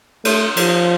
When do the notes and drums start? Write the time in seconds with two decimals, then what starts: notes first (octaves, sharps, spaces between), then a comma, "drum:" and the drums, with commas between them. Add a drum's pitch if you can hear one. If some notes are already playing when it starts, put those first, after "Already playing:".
0.25 A3, drum: cymbal
0.56 F3, drum: cymbal